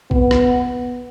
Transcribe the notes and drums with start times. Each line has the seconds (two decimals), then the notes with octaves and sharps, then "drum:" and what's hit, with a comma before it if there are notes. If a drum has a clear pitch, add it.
0.11 B3, drum: kick
0.31 drum: rim click